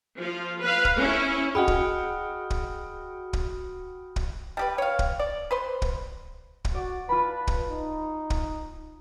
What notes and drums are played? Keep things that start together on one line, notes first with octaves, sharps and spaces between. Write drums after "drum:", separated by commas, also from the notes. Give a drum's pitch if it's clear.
F3 F4
B4 F5
drum: kick
C#4 E4
F#4 G#4 D#5 F#5 G5 B5 D#6 F6
drum: kick
drum: kick
drum: kick
drum: kick
G3 G4 B4
C#5 F5
drum: kick
D5
B4 C5 C6
drum: kick
drum: kick
F#4 D5
F4 B4 A5 B5
drum: kick
D#4
drum: kick